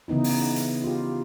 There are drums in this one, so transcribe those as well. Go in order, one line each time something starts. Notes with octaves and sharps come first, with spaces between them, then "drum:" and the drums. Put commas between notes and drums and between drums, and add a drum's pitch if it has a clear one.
C#3 E3 B3 D#4 E4
drum: open hi-hat
drum: hi-hat
F4 G4